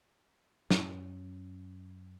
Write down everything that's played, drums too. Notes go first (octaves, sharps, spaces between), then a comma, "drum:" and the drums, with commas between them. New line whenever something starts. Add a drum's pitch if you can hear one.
F#2 C#4, drum: snare